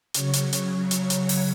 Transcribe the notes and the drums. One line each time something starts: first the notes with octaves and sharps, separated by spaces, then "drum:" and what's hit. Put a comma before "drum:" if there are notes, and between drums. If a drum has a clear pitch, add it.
C#3 F#3 C#5, drum: hi-hat
drum: hi-hat
drum: hi-hat
drum: hi-hat
drum: hi-hat
drum: open hi-hat